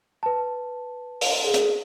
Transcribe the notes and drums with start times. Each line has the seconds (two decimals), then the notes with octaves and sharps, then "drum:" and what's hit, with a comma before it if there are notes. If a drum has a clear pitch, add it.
0.23 B4 A5
1.21 drum: open hi-hat
1.44 G#4
1.54 drum: hi-hat